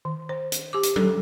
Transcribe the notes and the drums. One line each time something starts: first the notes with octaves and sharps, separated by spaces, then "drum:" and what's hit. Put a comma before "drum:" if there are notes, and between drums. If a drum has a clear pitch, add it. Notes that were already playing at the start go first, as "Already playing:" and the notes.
D#3
C5
drum: hi-hat
G4 D6
drum: hi-hat
A4, drum: tom F#3